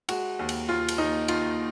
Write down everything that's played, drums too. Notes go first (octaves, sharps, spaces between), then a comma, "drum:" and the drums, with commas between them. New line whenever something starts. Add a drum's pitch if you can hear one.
G#3 F#4, drum: cymbal
D#2
drum: cymbal
D#2 F4
drum: cymbal
D#2 D#4
D#3 F4, drum: cymbal